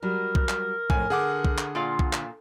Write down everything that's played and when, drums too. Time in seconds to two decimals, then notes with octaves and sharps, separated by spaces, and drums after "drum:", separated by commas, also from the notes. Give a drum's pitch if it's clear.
0.03 F#3 G3 A#4
0.35 drum: kick
0.49 drum: clap
0.90 F2 A2 G#5, drum: kick
1.10 D3 G#4 F#5 D6
1.45 drum: kick
1.58 drum: clap
1.75 A#2 F4 F5
1.99 drum: kick
2.13 drum: clap